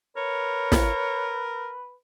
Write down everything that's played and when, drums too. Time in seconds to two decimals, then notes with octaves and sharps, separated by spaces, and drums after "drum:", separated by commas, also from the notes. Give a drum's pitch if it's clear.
0.17 A#4 B4 C#5
0.72 drum: snare